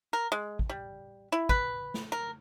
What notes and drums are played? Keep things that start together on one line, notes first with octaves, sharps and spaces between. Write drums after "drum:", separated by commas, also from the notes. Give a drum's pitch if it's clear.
A#4
G#3
drum: kick
G3
E4
B4, drum: kick
drum: snare
A#4